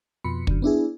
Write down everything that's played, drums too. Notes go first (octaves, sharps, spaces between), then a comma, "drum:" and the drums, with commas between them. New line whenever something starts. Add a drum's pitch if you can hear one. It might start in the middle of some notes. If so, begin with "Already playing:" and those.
F2 B2 B5 C6 C#7
F#2 D3, drum: kick
B3 D4 E4 G#4